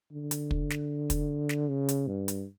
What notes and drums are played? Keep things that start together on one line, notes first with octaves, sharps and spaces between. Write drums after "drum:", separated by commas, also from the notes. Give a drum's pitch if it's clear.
D3
drum: hi-hat
drum: kick
drum: snare
drum: kick, hi-hat
drum: snare
C#3
drum: hi-hat
G2
drum: hi-hat